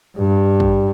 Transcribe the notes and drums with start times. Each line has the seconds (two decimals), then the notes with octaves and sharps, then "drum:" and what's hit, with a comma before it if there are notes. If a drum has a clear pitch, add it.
0.17 G2 G3
0.60 drum: kick